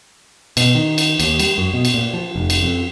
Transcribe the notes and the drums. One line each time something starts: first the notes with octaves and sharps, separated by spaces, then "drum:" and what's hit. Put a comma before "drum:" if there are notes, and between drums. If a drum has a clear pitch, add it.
B2, drum: cymbal
D#3
drum: cymbal
D#2, drum: cymbal
G3, drum: cymbal
F#2
B2
drum: cymbal
A#2
F3
F1
drum: cymbal
F2